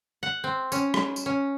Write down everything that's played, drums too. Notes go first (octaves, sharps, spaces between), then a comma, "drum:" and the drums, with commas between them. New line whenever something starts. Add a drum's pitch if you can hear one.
F#5
C4
C#4, drum: tambourine
drum: rim click
drum: tambourine
C#4